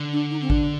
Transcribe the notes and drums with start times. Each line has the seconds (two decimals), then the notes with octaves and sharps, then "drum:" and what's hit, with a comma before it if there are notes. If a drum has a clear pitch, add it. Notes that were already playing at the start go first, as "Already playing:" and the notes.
Already playing: D3
0.12 D4
0.31 D#4
0.41 C4
0.50 D4, drum: kick A1